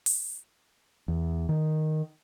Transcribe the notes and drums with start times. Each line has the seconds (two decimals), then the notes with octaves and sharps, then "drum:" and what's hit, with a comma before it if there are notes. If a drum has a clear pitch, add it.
0.06 drum: open hi-hat
1.08 E2
1.49 D#3